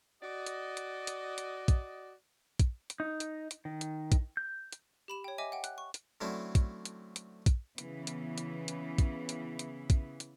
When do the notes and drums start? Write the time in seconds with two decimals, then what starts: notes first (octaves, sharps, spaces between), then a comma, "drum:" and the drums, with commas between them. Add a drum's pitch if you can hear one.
0.23 F#4 D5 D#5
0.46 drum: hi-hat
0.77 drum: hi-hat
1.07 drum: hi-hat
1.38 drum: hi-hat
1.68 drum: kick, hi-hat
2.59 drum: kick, hi-hat
2.90 drum: hi-hat
3.00 D#4
3.20 drum: hi-hat
3.51 drum: hi-hat
3.65 D#3
3.81 drum: hi-hat
4.12 drum: kick, hi-hat
4.37 G6
4.72 drum: hi-hat
5.08 G4 B5 E7
5.24 C#5 G5
5.38 D#5 E5 G#5 D6
5.52 F#5 G5
5.64 F#6, drum: hi-hat
5.78 C#6
5.94 drum: hi-hat
6.21 D3 F#3 A3 C4 C#4 E4
6.55 drum: kick, hi-hat
6.85 drum: hi-hat
7.16 drum: hi-hat
7.46 drum: kick, hi-hat
7.78 C#3 E3 B3, drum: hi-hat
8.07 drum: hi-hat
8.38 drum: hi-hat
8.68 drum: hi-hat
8.98 drum: kick, hi-hat
9.29 drum: hi-hat
9.59 drum: hi-hat
9.90 drum: kick, hi-hat
10.20 drum: hi-hat